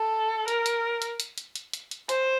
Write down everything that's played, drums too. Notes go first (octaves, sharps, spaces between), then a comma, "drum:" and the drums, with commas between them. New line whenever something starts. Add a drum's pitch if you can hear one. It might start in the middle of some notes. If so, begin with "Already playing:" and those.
Already playing: A4
A#4, drum: hi-hat
drum: hi-hat
drum: hi-hat
drum: hi-hat
drum: hi-hat
drum: hi-hat
drum: hi-hat
drum: hi-hat
C5, drum: hi-hat